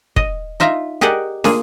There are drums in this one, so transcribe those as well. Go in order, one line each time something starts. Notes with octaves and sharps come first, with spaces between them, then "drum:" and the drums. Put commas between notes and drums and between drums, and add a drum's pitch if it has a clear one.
D#5, drum: kick
D#4 F4 E5 F5 A#5
G4 G#4 A#4 D5 D#5 F#5
A#3 F4 G#4, drum: snare